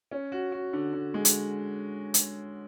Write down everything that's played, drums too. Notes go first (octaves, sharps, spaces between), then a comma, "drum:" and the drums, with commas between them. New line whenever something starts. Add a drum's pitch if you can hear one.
C#4
F#4
F#4
D3
D3
G#3
drum: hi-hat
drum: hi-hat